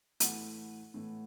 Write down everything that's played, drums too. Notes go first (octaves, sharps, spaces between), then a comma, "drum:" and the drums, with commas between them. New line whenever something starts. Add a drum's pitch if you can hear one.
A2 E3 A3 F#5, drum: hi-hat
A2 E3 A3